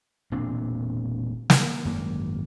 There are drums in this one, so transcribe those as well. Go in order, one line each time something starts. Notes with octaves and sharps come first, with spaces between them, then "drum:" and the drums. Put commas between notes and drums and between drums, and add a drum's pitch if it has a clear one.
E1 A#2 C4 D4
drum: snare
G#1 F#2 A#3